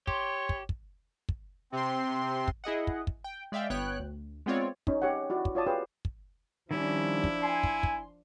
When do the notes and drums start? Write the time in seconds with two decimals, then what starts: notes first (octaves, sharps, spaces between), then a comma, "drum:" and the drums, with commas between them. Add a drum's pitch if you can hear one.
0.07 G4 C#5 C6, drum: kick
0.49 drum: kick
0.69 drum: kick
1.29 drum: kick
1.72 C3 C4 C6
2.48 drum: kick
2.64 E4 G#4 D#5 F#5
2.87 drum: kick
3.07 drum: kick
3.24 G5
3.52 G#3 D5 E5 F5 G5
3.70 G1 B3 C#5 G5 F#6
3.99 D2
4.46 G#3 B3 C4 F4 C#5 D5
4.87 C#4 D#4, drum: kick
5.02 G4 C#5 D#5 F#5
5.30 E4 F#4 D5
5.45 drum: kick
5.55 F4 C#5 D5 A5 D#6
5.67 G4 G#4 B4 C#5 F5 G5
6.05 drum: kick
6.71 D#3 F3 G3 C#4 D4 E4
7.24 drum: kick
7.43 G#5 C6
7.63 drum: kick
7.83 drum: kick